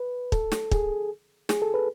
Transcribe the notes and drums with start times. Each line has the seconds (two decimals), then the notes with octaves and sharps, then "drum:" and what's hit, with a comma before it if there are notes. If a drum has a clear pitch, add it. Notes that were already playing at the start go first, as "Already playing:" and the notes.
Already playing: B4
0.32 A4, drum: kick
0.52 drum: snare
0.71 G#4, drum: kick
1.49 G#4, drum: snare
1.62 A4
1.74 B4